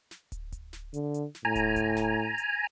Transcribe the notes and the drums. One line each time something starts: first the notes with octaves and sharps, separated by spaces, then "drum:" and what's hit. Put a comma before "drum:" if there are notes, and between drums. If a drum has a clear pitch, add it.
drum: snare
drum: kick, hi-hat
drum: kick, hi-hat
drum: snare
D3, drum: hi-hat
drum: hi-hat
drum: snare
A2 G#5 A#5
drum: kick, hi-hat
drum: kick, hi-hat
drum: snare
drum: hi-hat